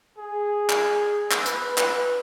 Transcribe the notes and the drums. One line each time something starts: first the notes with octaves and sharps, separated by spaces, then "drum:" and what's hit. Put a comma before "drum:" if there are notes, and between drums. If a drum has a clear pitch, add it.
G#4
drum: clap
drum: clap
B4, drum: hi-hat
B4, drum: clap